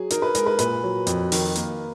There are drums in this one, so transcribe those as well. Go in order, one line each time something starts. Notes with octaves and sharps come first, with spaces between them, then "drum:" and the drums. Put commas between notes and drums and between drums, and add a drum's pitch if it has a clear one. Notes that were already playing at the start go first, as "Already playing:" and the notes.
Already playing: F#3 G#4
D#4 A#4, drum: hi-hat
B4
G#3 A#4, drum: hi-hat
B4
A#2 B4, drum: hi-hat
F#3
F2, drum: hi-hat
D#3, drum: open hi-hat
A#3, drum: hi-hat